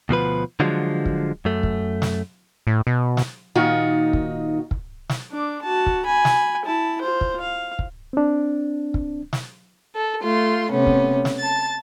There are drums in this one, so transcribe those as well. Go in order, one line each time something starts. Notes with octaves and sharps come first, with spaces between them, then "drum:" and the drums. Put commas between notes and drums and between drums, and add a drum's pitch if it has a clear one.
D2 B2 F3 B4
D3 F3 F#3 G#3
drum: kick
F#2 A3
drum: kick
drum: snare
A2
B2
drum: snare
A#2 D#3 D#4 F4 F#4
drum: kick
drum: kick
drum: snare
D4 D6
F#4 A5
drum: kick
G#5 B5
drum: snare
E4 A5
F4 C5
drum: kick
F5
drum: kick
C4 D4
drum: kick
drum: snare
A4
A3 F4 C6
C3 A3 B3 C#4
drum: kick
drum: snare
A5 A6